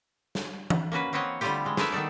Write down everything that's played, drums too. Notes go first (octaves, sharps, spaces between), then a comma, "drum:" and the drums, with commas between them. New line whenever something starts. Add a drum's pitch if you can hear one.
drum: snare
drum: tom E3
A#3 C#4 F#4 B4
A#3 C4 B4 C#5 D#5 F#5
D3 G3 A3 E4 F4 G4, drum: tambourine
E3 G#3
A3 G#4 A#4 B4 E5, drum: snare
D#3 B3 D#4 A4 D5